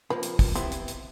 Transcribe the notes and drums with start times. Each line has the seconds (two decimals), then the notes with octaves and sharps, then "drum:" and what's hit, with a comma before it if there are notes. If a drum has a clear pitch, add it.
0.10 C3 F3 A#3 B4
0.23 drum: hi-hat
0.39 drum: kick, open hi-hat
0.55 B3 C4 E4 G4, drum: hi-hat
0.72 drum: hi-hat
0.88 drum: hi-hat